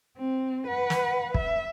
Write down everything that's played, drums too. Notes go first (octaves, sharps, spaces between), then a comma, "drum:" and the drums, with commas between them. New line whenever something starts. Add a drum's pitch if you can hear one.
C4
B4 F#5
drum: snare
E5, drum: kick